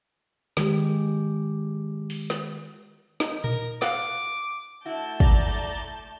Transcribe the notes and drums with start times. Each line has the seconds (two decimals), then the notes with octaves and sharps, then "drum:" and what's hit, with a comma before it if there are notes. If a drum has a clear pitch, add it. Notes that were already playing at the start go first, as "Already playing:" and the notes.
0.57 D#3 G#3 G4, drum: snare
2.10 drum: open hi-hat
2.30 drum: snare
3.20 D#4, drum: snare
3.44 A#4, drum: tom A#2
3.82 F5 F#5 D6, drum: snare
4.85 A3 E4 F#4 A5 G6
5.20 D5 A#5, drum: kick